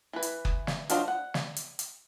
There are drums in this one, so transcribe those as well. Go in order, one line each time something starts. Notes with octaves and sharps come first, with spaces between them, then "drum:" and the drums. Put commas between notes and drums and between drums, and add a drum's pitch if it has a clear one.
E3 B4
drum: hi-hat
drum: kick F#1
drum: snare
F#3 D4 F4 C5 D#5, drum: hi-hat
F#5
drum: snare
drum: hi-hat
drum: hi-hat